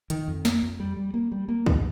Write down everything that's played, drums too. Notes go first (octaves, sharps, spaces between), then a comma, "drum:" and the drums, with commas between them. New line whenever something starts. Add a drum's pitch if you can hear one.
D#3, drum: hi-hat
F2
A#3, drum: snare
F2
G3
G3
A#3
G3
A#3
D#3, drum: kick